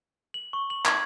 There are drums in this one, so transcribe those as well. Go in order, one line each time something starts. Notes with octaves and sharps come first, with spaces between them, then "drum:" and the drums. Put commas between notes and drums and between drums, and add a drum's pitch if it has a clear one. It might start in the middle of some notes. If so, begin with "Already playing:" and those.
F#7
C#6
F#7
G#6, drum: clap